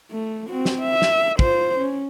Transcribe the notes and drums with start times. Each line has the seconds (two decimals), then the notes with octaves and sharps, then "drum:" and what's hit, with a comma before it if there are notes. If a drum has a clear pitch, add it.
0.11 A3
0.48 C4 F#4
0.65 drum: snare
0.82 E5
1.02 drum: snare
1.39 F4 C5, drum: kick
1.77 C#4